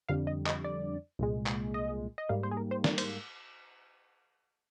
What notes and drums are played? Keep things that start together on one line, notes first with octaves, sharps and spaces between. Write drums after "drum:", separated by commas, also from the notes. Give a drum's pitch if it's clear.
F2 D3 G3 F5
D#5
D#5, drum: clap
D5
C2 A#2 G#3
drum: clap
D#5
D#5
G#2 G3 A#3 F5
C5
G#4
A#4
C5
D5, drum: snare
C5, drum: cymbal